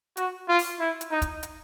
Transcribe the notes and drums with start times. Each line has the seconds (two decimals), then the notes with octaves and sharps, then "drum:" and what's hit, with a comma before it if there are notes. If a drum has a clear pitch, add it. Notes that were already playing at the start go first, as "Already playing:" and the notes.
0.17 F#4, drum: hi-hat
0.48 F4
0.59 drum: open hi-hat
0.80 E4
1.01 drum: hi-hat
1.11 D#4
1.22 drum: kick, hi-hat
1.43 drum: hi-hat